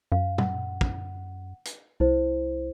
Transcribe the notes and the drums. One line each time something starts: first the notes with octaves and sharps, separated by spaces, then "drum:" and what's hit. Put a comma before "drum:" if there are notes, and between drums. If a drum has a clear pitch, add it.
F#2 F5
F#5, drum: tom
drum: kick
drum: hi-hat
C2 E4 C5